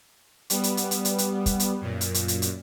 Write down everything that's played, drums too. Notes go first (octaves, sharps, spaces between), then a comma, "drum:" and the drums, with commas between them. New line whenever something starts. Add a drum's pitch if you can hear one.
G3 B3, drum: hi-hat
drum: hi-hat
drum: hi-hat
drum: hi-hat
drum: hi-hat
drum: hi-hat
drum: kick, hi-hat
drum: hi-hat
F#2 A#2
drum: hi-hat
drum: hi-hat
drum: hi-hat
drum: hi-hat